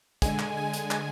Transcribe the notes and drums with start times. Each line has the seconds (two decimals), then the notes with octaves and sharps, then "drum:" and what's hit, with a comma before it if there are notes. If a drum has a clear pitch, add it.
0.22 D3 G#3 G#5, drum: kick, hi-hat
0.39 drum: clap
0.57 G#5
0.74 drum: hi-hat
0.91 drum: clap